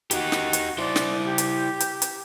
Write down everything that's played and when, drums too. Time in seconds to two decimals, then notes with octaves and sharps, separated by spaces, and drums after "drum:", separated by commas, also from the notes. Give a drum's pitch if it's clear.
0.11 D#4 F#4 G4, drum: hi-hat
0.32 drum: snare
0.53 drum: hi-hat
0.78 E4 C5 D5
0.96 drum: snare
1.25 G4
1.38 drum: hi-hat
1.80 drum: hi-hat
2.02 drum: hi-hat